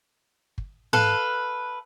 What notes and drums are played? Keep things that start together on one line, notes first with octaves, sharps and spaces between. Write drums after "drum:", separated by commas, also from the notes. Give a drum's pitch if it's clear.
drum: kick
A4 B4 F5 F#6, drum: tom G#2